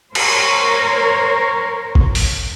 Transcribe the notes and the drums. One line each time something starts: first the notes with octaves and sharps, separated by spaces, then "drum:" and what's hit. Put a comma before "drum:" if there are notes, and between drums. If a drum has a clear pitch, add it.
A#4 C5 C#5, drum: cymbal
drum: kick G#1
drum: open hi-hat